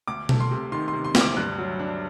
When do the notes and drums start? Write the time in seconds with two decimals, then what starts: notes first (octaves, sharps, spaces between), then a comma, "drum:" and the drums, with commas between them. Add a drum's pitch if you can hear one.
0.07 D2 D6
0.29 A3, drum: tom B2
0.40 C6
0.51 C3
0.72 D#3 C6
0.88 C6
0.93 C3
1.05 C6
1.15 D2, drum: snare
1.21 D6
1.37 G2 F#6
1.58 F#3
1.79 D4